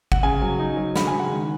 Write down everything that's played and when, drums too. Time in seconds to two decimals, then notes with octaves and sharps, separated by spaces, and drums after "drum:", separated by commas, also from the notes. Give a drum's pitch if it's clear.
0.12 F#5, drum: kick G#1
0.23 C#3 G#5
0.42 F#3
0.59 D#4
0.77 F#3
0.96 C#3 B5, drum: snare
1.07 G#5
1.14 G#3
1.19 F#5
1.32 D#3